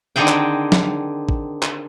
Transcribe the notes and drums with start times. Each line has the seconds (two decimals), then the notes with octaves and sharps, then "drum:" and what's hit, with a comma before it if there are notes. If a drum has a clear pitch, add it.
0.16 D3 D#3 C4 G#4 G5
0.28 drum: clap
0.72 drum: snare
1.29 drum: kick
1.63 drum: clap